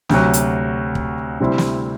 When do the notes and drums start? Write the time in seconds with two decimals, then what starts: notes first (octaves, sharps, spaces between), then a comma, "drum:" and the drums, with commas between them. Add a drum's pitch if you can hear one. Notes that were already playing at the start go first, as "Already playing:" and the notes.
0.09 D2 C3 F#3, drum: snare
0.33 drum: hi-hat
0.95 drum: kick
1.40 D2 C3 G3 C4 E4
1.58 drum: snare